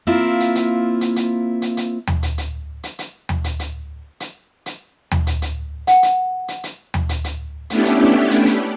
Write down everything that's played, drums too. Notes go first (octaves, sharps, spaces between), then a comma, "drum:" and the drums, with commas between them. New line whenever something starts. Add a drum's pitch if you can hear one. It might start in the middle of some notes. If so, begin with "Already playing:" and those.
A#3 C4 E4 F4
drum: hi-hat
drum: hi-hat
drum: hi-hat
drum: hi-hat
drum: hi-hat
drum: hi-hat
drum: tom D#2
drum: hi-hat
drum: hi-hat
drum: hi-hat
drum: hi-hat
drum: tom D#2
drum: hi-hat
drum: hi-hat
drum: hi-hat
drum: hi-hat
drum: tom D#2
drum: hi-hat
drum: hi-hat
F#5, drum: hi-hat
drum: hi-hat
drum: hi-hat
drum: hi-hat
drum: tom D#2
drum: hi-hat
drum: hi-hat
A3 B3 C#4 D4 E4 G4, drum: hi-hat
drum: hi-hat
drum: hi-hat
drum: hi-hat